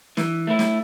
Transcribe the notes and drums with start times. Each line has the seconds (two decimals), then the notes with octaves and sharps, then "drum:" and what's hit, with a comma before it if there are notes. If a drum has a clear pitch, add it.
0.17 E3, drum: snare
0.47 A3 E4
0.59 drum: snare